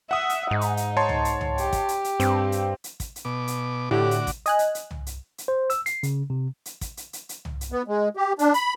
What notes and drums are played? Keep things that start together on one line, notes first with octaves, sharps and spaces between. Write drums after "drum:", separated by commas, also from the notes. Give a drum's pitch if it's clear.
E5 F#5 D#6
drum: hi-hat
G#2 D#4
drum: hi-hat
drum: hi-hat
C#5 A5 C6
drum: tom C2
drum: hi-hat
drum: tom C2
G4, drum: hi-hat
drum: kick, hi-hat
drum: hi-hat
drum: hi-hat
G2 C4, drum: hi-hat
drum: hi-hat
drum: hi-hat
drum: kick, hi-hat
drum: hi-hat
B2 D6
drum: hi-hat
A2 D3 F#4 G4 D6
drum: hi-hat
drum: kick, hi-hat
D#5 G#5 F#6, drum: hi-hat
drum: hi-hat
drum: hi-hat
drum: tom C2
drum: hi-hat
drum: hi-hat
C5
E6, drum: hi-hat
C7, drum: hi-hat
C#3, drum: hi-hat
C3
drum: hi-hat
drum: kick, hi-hat
drum: hi-hat
drum: hi-hat
drum: hi-hat
drum: tom C2
drum: hi-hat
B3
G#3
G4
D4, drum: hi-hat
B5, drum: hi-hat